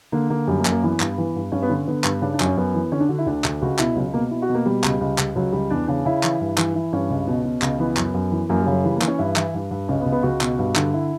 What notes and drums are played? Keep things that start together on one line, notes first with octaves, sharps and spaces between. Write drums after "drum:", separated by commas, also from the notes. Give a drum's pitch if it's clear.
D3 A#3
D3 A#3
F#2 G3
A#3
F#2, drum: clap
A#3
E3 B3
G2, drum: clap
E3
G2
G2 C#4
B3
D3 C#4
D3 B3
G2, drum: clap
C#3 D4
D4
F#2, drum: clap
C#4
F#2 B3
E3
D3 C#4
D4
D3 F#4
E4
D2 D4
D2, drum: clap
C#2 F#4
B2 E4, drum: clap
C#2 F#3
B2 A#3
B2 E4
F#4
B2
A#3
B2 G3
C#2, drum: clap
C#2
C#2, drum: clap
C#2 F#3
C#2 G3
E2 D4
C#3 D4
C#3 E4
E3, drum: clap
G2
E3, drum: clap
E3 E4
G2 C#4
C#2
B2
B2
C#2, drum: clap
E3 B3
F#2, drum: clap
F#2
E3
F#2 A#3
G3
C#3
F#3
E3 G3
A#3
E3, drum: clap
C#4
G2 E4
E3 E4, drum: clap
G2
G2
C#2 C#4
B3
C#2
B3
C#2 F#4
B2, drum: clap
G2
D3, drum: clap
E4